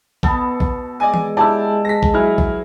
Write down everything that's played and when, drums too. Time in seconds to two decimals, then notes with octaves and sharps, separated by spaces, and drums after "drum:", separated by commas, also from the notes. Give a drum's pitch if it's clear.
0.23 B2 B3 A4, drum: kick
0.60 drum: kick
1.00 G#3 D5 D#5 G#5
1.14 drum: tom E3
1.37 E4 G4 D5 A5 E6
1.85 A#6 B6
2.03 drum: kick
2.14 F#3 E4 G#4 F6
2.38 drum: kick